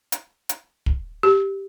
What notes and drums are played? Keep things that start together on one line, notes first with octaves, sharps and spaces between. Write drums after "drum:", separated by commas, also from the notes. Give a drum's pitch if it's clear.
drum: hi-hat
drum: hi-hat
drum: kick
G4